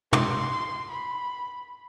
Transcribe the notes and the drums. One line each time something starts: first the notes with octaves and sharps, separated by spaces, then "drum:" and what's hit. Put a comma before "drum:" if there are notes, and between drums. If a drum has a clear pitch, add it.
C6, drum: tom
B5